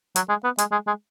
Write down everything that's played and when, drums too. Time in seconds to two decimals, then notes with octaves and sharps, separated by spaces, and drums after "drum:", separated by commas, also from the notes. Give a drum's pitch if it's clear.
0.16 F#3, drum: hi-hat
0.29 G#3
0.44 B3
0.58 G#3, drum: hi-hat
0.72 G#3
0.87 G#3